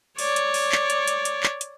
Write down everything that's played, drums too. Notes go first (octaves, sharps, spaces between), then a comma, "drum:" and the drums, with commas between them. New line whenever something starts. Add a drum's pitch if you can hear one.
C#5 D5, drum: open hi-hat
drum: hi-hat
drum: open hi-hat
drum: clap
drum: hi-hat
drum: hi-hat
drum: hi-hat
drum: clap
drum: hi-hat